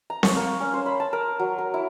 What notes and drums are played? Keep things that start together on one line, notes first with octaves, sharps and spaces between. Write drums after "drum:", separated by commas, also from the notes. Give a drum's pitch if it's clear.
A#5
C#6, drum: snare C4
A#3
C#4
C5
B5
A5
A#4
F#3
A#4
E4